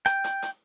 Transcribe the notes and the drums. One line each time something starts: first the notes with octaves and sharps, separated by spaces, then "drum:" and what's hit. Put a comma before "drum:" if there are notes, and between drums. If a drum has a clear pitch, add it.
G5, drum: rim click
drum: hi-hat
drum: hi-hat